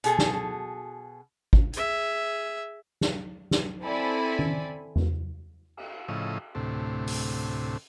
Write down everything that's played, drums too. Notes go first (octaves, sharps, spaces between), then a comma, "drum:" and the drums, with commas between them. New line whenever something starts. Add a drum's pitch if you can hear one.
B2 F#4 G#4 A4, drum: hi-hat
drum: snare
drum: kick
G#4 E5, drum: hi-hat
drum: snare
drum: snare
C4 E4 A4 D5 G#5 B5
drum: tom D#3
drum: tom E2
drum: cymbal
A2 C#3 F3 E4 D#5
D2 A2 C3
drum: open hi-hat